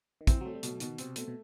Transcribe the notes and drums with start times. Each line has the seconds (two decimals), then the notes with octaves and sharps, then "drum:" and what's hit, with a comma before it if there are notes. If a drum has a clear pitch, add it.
0.21 D#3
0.27 E3 C4, drum: kick, hi-hat
0.41 F#3 A3
0.55 G3
0.63 B2 F#3, drum: hi-hat
0.80 B2 D#3, drum: hi-hat
0.98 C3 C4, drum: hi-hat
1.16 B2 A3, drum: hi-hat
1.28 B2